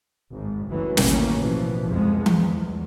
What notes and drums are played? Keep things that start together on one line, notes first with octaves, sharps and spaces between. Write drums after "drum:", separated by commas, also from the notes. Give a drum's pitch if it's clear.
G#1 G#2
F#1 D2 E3 F#3 C#4
A1 D#2 A2 C#3 A#3 C#4, drum: snare
B2 E3 F3
C2 F2 B2 F3 G#3 B3
drum: tom E3
E2